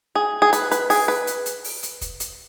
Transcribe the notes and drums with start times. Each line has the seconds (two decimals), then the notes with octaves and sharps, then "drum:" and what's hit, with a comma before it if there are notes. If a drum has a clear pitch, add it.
0.15 G#4
0.42 G#4
0.53 B4, drum: hi-hat
0.71 B4, drum: hi-hat
0.90 G#4, drum: open hi-hat
1.08 B4
1.27 drum: hi-hat
1.46 drum: hi-hat
1.64 drum: open hi-hat
1.83 drum: hi-hat
2.01 drum: kick, hi-hat
2.20 drum: hi-hat